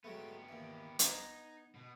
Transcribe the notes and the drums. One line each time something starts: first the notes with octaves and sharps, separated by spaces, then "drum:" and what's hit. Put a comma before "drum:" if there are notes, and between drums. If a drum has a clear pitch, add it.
F#3 G#3 A3 B3 G4
D#2 E3
B3 D#4 G#5, drum: hi-hat
B2